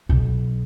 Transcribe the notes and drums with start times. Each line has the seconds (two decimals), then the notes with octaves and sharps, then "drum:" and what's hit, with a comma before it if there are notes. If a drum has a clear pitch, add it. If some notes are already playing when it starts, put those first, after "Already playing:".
0.09 B1, drum: kick C2